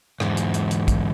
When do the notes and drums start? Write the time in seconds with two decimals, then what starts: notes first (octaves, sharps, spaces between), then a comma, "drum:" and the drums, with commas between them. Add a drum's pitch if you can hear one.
0.20 E2 G#2, drum: rim click
0.37 drum: hi-hat
0.54 drum: hi-hat
0.71 drum: hi-hat
0.88 drum: kick, hi-hat